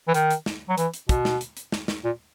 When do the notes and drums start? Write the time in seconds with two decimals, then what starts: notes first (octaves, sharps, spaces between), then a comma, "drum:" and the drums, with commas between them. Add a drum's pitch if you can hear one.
0.08 E3
0.14 D#3, drum: hi-hat
0.31 drum: hi-hat
0.46 drum: snare
0.69 F#3
0.78 E3, drum: hi-hat
0.94 drum: hi-hat
1.09 B2, drum: kick, hi-hat
1.25 drum: snare
1.41 drum: hi-hat
1.57 drum: hi-hat
1.72 drum: snare
1.88 drum: snare
2.04 A#2